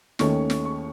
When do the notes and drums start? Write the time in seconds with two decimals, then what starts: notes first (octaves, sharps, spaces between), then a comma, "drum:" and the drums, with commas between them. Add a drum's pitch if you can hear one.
0.19 D#2 D#3 A3 C#4 C#6, drum: snare
0.50 drum: snare
0.65 C#6